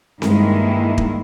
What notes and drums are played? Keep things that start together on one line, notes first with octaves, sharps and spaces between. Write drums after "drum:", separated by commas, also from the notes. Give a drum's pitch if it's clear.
G2 D#3 G#3 A#3 E4, drum: snare C4
drum: kick